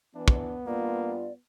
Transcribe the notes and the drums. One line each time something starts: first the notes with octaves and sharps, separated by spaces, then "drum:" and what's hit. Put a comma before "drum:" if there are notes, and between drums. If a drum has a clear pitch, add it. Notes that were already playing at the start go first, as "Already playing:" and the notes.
E3 B3 D4
drum: kick
G2 A#3 F4 D5